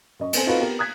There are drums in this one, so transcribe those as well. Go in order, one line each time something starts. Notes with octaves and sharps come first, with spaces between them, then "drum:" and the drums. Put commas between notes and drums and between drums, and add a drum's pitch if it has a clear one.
F#2 D#5 C#6
B3 C4 A4 C5 G#5, drum: cymbal
C4 D#4 F4 F#4 A4 B4
B3 G4 A#4
D#6 F#6 G#6 B6